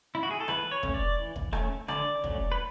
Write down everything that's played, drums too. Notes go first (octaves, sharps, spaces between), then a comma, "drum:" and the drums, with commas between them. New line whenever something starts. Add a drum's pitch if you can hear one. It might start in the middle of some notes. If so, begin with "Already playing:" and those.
E4
F#4
G#4
A4
E3 B4, drum: rim click
C#5
A3 C#4, drum: kick
D5
E3
drum: kick
A3 C#4, drum: rim click
D3 D5, drum: rim click
F#3 A3 C#4, drum: kick
B4